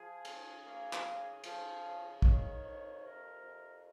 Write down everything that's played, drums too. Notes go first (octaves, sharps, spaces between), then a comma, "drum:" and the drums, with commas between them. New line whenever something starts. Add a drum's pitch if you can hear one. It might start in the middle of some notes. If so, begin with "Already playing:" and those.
Already playing: F3 G#4
C#3, drum: cymbal
A#3
drum: clap
C#3
F3, drum: cymbal
C#3
D#3 C#5, drum: kick
F2
C3 A#4
F2